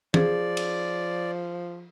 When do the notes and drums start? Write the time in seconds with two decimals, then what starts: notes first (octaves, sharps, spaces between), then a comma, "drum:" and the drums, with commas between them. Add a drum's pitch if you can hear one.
0.14 F3 G#4 D5, drum: tom
0.57 drum: cymbal